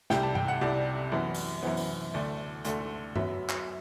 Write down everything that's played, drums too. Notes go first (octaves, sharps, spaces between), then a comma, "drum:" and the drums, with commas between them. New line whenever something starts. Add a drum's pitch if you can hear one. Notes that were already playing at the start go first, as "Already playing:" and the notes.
C2 C3 G3 G5, drum: snare
A5
G5, drum: tom G2
F#5
C2 C3 G3 D5
F#2 E3 B3
drum: open hi-hat
F#2 E3 B3 C5
drum: open hi-hat
D2 D3 A3 D5
D2 D3 A3, drum: hi-hat
F#2 F#3 B3 E5, drum: tom G2
drum: clap